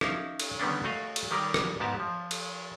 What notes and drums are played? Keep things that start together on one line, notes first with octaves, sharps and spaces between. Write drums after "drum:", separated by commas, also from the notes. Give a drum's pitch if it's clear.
C#4 D#4 E5 F5, drum: rim click
drum: cymbal
D3 D#3 G3 B3 C#4 D4
A3 F#4 D#5 F5
drum: cymbal
D#3 G3 G4 G#4 A#4
drum: rim click
G#2 B3 F#4 G4 A#4 A5
F3
drum: cymbal